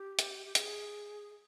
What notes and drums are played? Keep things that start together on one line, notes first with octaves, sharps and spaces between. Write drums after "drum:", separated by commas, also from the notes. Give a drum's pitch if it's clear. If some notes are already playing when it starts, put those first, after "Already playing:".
Already playing: G4
drum: hi-hat
G4
G#4, drum: hi-hat